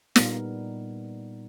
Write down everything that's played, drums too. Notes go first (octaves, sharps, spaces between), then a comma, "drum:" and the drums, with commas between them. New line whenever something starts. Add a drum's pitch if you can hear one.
A#2 G3 B3 D#4 A#4, drum: snare